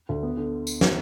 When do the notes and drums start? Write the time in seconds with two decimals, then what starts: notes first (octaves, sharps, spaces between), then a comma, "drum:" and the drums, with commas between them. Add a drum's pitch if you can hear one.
0.09 D2
0.23 B3
0.37 D3
0.67 drum: tambourine
0.81 drum: snare